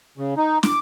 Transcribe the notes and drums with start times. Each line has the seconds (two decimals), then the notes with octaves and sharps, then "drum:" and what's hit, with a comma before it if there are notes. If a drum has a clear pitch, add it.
0.18 C#3
0.37 D#4
0.63 D6, drum: snare